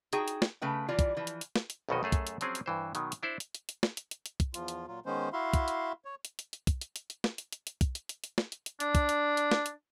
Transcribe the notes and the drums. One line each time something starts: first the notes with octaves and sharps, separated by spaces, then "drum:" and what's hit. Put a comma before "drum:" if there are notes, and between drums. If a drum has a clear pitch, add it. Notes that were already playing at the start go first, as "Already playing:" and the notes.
D#4 F#4 G#4 G5, drum: hi-hat
drum: hi-hat
drum: snare
C#3 A3 B4 G5
E3 G3 F4 D5
drum: kick, hi-hat
E3 F3
drum: hi-hat
drum: hi-hat
drum: snare
drum: hi-hat
B1 F2 B2 D#3 F#4 D#5
F#2 A3 G#4 A4 F5
drum: kick, hi-hat
drum: hi-hat
F3 F#3 C4 C#4 G#4, drum: hi-hat
drum: hi-hat
G2 E3 C5
B2 D#3 F#3, drum: hi-hat
drum: hi-hat
D4 E4 C5 D5
drum: hi-hat
drum: hi-hat
drum: hi-hat
drum: snare
drum: hi-hat
drum: hi-hat
drum: hi-hat
drum: kick, hi-hat
E2 F3 F4, drum: hi-hat
drum: hi-hat
A#2 F#3 F4
D#3 G#3 B3 C#4 C5
E4 F#4 E5 F5 C6
drum: kick, hi-hat
drum: hi-hat
C#5
drum: hi-hat
drum: hi-hat
drum: hi-hat
drum: kick, hi-hat
drum: hi-hat
drum: hi-hat
drum: hi-hat
drum: snare
drum: hi-hat
drum: hi-hat
drum: hi-hat
drum: kick, hi-hat
drum: hi-hat
drum: hi-hat
drum: hi-hat
drum: snare
drum: hi-hat
drum: hi-hat
D4, drum: hi-hat
drum: kick, hi-hat
drum: hi-hat
drum: hi-hat
drum: snare
drum: hi-hat